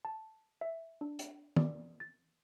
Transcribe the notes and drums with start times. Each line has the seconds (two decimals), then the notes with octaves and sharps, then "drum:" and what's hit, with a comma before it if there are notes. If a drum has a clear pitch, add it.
0.05 A5
0.61 E5
1.01 D4
1.19 drum: hi-hat
1.56 D5, drum: tom
2.00 A6